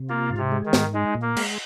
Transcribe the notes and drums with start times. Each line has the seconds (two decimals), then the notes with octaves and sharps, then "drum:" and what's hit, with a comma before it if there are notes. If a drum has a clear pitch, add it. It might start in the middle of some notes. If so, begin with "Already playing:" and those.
Already playing: C3
0.09 A#3 F4
0.30 G#2
0.38 C3
0.52 G#3
0.66 D#3
0.73 G#2, drum: snare
0.94 G#3 D#4
1.15 A#2
1.22 A#3
1.36 G#3, drum: cymbal